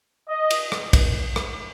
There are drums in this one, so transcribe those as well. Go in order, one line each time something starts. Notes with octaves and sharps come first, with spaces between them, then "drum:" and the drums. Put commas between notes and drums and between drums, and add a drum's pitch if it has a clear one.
D#5
drum: cymbal
drum: rim click
drum: kick, cymbal
drum: rim click